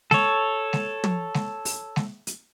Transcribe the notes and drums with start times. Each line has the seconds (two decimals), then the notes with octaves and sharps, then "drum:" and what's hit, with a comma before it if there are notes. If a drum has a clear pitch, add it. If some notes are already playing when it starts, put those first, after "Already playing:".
0.11 A4 C#5, drum: snare G#3
0.73 drum: snare G#3
1.04 drum: tom
1.34 drum: snare G#3
1.65 drum: open hi-hat
1.96 drum: snare G#3
2.27 drum: hi-hat